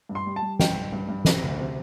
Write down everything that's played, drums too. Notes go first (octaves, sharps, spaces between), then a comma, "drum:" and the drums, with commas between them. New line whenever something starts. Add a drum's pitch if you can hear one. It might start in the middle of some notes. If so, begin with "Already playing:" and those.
G2
C6
G3
A5
G3
G2 G5, drum: snare
G2
G2
G2
C3, drum: snare
D2
C3